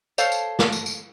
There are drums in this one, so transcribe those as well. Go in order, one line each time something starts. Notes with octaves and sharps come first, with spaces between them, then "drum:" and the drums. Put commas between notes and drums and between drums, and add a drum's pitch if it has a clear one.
A4 C5 C#5 F5 A5, drum: tambourine
drum: tambourine
drum: snare
drum: tambourine
drum: tambourine